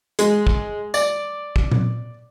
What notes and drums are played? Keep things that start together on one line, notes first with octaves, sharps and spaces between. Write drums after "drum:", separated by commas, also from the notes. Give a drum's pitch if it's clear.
G#3, drum: hi-hat
drum: kick
D5, drum: tambourine
drum: kick
drum: tom A#2